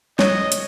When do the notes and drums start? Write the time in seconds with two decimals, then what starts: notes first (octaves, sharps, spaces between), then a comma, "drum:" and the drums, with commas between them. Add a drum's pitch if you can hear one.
0.19 C#5 D#5, drum: snare
0.52 drum: hi-hat